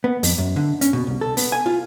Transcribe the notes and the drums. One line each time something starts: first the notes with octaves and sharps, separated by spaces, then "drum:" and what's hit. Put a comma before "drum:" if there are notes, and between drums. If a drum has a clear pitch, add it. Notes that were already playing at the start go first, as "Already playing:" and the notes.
B3
F2, drum: open hi-hat
F#2
D3
C#4, drum: hi-hat
B2
C2
A4
B3, drum: open hi-hat
G#5
F4